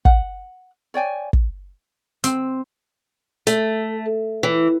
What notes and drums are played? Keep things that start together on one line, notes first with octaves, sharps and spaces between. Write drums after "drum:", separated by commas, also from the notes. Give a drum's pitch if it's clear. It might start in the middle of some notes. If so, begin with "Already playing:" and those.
F#5, drum: kick
C#5 D5 G5 G#5
drum: kick
C4, drum: hi-hat
A3, drum: hi-hat
E3